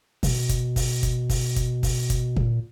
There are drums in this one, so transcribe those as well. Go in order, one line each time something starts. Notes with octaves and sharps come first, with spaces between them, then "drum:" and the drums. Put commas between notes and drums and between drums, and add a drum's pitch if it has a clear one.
B2, drum: kick, open hi-hat
drum: kick, hi-hat
drum: kick, open hi-hat
drum: kick, hi-hat
drum: kick, open hi-hat
drum: kick, hi-hat
drum: kick, open hi-hat
drum: kick, hi-hat
A#2, drum: kick